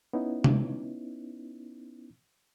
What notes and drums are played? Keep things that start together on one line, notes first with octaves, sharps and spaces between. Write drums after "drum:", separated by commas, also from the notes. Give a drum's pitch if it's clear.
B3 C#4 D#4 E4
drum: tom C3